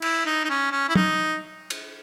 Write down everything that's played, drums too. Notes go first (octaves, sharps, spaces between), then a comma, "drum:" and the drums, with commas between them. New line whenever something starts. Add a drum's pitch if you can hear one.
E4, drum: cymbal
D#4
D#4
C#4
C#4
E4
D#4, drum: tom
drum: cymbal